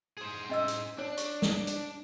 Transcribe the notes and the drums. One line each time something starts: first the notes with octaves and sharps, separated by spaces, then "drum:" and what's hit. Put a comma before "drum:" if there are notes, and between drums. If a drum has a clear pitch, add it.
G#4 C5
C#4 D#5 E6
drum: hi-hat
D4 D#4 C#5
C#6, drum: hi-hat
drum: snare
drum: hi-hat